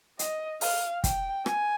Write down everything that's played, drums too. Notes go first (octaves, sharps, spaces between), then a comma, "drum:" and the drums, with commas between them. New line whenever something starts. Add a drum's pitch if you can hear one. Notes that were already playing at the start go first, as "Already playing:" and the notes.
D#5, drum: hi-hat
F5, drum: open hi-hat
G5, drum: kick, hi-hat
G#5, drum: rim click